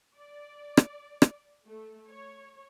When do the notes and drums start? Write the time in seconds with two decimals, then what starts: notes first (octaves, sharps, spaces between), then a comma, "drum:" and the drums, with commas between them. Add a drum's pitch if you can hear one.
0.17 D5
0.77 drum: rim click
1.22 drum: rim click
1.66 A3
2.09 C#5